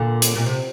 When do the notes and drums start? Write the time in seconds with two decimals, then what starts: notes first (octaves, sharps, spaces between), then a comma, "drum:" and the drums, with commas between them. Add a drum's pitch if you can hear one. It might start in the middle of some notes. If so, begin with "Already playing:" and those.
Already playing: A#2 D3
0.22 drum: hi-hat
0.35 A#2
0.46 C3